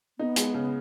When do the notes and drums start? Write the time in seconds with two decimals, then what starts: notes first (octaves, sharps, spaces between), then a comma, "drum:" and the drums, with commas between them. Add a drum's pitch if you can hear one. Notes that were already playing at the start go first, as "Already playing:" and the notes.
0.19 B3 D#4
0.36 G#3, drum: hi-hat
0.54 C#3